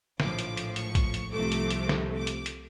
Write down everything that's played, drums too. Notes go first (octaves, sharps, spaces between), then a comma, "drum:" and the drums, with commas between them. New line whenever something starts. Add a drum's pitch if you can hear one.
A#1 A2 F3 D6, drum: snare
drum: hi-hat
drum: hi-hat
C#6, drum: hi-hat
drum: kick A#1, hi-hat
drum: hi-hat
C2 C3 F3 A3 D6
drum: hi-hat
drum: hi-hat
drum: snare
D6
drum: hi-hat
drum: hi-hat